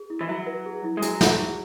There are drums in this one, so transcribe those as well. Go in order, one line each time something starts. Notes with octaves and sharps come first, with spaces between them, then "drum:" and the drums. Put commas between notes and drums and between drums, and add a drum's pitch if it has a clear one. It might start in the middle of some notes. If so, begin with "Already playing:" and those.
Already playing: G#4
E4
E3
F#3 E5
B4
G#4
E4
G#3
F#3 G#5, drum: hi-hat
E5, drum: snare
G#4